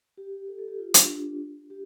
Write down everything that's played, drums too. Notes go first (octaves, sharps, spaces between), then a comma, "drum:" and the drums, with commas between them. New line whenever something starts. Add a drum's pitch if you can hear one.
G4
A4
A4
G4
F4
D4, drum: hi-hat
D4
G4